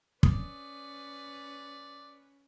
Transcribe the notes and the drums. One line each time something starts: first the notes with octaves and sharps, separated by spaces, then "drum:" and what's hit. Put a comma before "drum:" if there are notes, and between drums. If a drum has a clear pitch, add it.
C#4 B4 D5 D#6, drum: kick